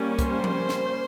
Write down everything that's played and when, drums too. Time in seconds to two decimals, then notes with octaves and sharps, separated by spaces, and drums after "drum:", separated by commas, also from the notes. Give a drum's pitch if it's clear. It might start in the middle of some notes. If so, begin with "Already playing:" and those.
Already playing: G3 A#3 C#4
0.19 C5, drum: kick C2, hi-hat
0.44 drum: tom F3
0.69 drum: snare